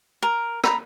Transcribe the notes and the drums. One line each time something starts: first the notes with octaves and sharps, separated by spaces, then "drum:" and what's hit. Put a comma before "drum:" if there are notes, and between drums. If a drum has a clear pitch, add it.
A#4
A#5 B5, drum: rim click